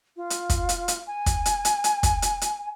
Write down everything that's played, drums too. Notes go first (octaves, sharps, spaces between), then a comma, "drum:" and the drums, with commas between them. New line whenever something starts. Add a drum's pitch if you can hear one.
F4
drum: hi-hat
drum: kick, hi-hat
drum: hi-hat
drum: hi-hat
G#5
drum: kick, hi-hat
drum: hi-hat
drum: hi-hat
drum: hi-hat
drum: kick, hi-hat
drum: hi-hat
drum: hi-hat